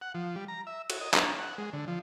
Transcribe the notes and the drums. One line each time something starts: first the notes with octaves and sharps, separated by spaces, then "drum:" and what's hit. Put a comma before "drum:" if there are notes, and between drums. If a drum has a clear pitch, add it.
F#5
F3
G3
A#5
E5
F#4, drum: cymbal
D#5
D4, drum: clap
F#5
G#3
D3
F3